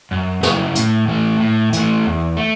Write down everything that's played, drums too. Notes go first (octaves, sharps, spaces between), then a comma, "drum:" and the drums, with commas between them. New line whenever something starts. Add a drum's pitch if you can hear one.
F#2
C#3 F#3 C#4 E4, drum: snare
A2, drum: hi-hat
E3 A3
A2
E3 A3, drum: hi-hat
E2
A3